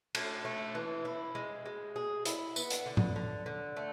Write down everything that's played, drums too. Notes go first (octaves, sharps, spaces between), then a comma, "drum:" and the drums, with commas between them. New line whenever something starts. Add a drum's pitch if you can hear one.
A3, drum: cymbal
A3
E3
E4
G#3
G#3
G#4
E4, drum: hi-hat
B3, drum: tambourine
drum: hi-hat
D3
drum: tom A2
D3
D3
A3